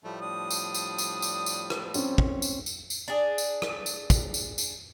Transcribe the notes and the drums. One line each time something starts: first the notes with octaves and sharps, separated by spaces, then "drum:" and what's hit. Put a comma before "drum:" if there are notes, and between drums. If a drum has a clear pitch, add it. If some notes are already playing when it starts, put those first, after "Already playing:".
A2 F3 G3 A3
D4 D#6
drum: tambourine
drum: tambourine
drum: tambourine
drum: tambourine
drum: tambourine
drum: rim click
C4 C#4, drum: tambourine
drum: kick
drum: tambourine
drum: tambourine
drum: tambourine
D4 G#4
drum: tambourine
drum: rim click
drum: tambourine
drum: kick, tambourine
drum: tambourine
drum: tambourine